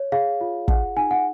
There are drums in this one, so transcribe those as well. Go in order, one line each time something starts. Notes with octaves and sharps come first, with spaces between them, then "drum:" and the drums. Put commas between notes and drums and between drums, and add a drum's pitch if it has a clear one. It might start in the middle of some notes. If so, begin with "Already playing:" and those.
Already playing: C#5
G#4 F5
F4
G#4 F#5, drum: kick
D#4 G#5
F#5